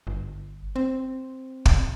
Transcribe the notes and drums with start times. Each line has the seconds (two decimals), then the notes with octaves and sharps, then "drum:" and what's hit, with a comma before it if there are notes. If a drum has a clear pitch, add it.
0.07 G1
0.76 C4
1.66 drum: kick